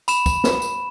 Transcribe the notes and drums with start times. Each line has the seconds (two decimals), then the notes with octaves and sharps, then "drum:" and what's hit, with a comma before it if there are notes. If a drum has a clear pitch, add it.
0.08 B5 E7, drum: tambourine
0.26 drum: kick, tambourine
0.44 drum: snare
0.62 drum: tambourine